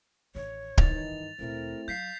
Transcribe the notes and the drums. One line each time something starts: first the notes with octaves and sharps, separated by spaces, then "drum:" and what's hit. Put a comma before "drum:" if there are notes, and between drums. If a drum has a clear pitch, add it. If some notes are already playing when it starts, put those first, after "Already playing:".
A1 D#3 C#5
G2 D#3 E3 D#4 A6 F7, drum: kick D1
D2 A#2 A3 C4 E4 A#4
F#3 F5 G6 B6 C7